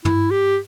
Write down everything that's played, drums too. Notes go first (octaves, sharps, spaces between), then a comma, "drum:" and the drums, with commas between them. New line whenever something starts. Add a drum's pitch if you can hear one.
E4, drum: tom
G4